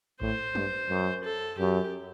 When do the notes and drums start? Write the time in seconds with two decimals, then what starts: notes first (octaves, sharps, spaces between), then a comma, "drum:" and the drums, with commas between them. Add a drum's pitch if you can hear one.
0.21 A2 C5, drum: kick A1
0.55 G2, drum: tom
0.89 F#2
1.24 A4
1.58 F#2 G4